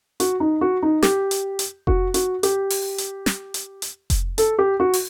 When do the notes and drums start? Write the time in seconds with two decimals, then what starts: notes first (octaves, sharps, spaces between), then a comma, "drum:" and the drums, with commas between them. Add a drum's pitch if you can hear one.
0.20 F#4, drum: hi-hat
0.40 D#4
0.61 F#4
0.83 D#4
1.02 G4, drum: snare
1.31 drum: hi-hat
1.59 drum: hi-hat
1.87 F#4, drum: kick F1
2.14 F#4, drum: hi-hat
2.43 G4, drum: hi-hat
2.70 drum: open hi-hat
2.98 drum: hi-hat
3.26 drum: snare
3.54 drum: hi-hat
3.82 drum: hi-hat
4.10 drum: kick F1, hi-hat
4.38 A4, drum: hi-hat
4.59 G4
4.80 F#4
4.94 drum: open hi-hat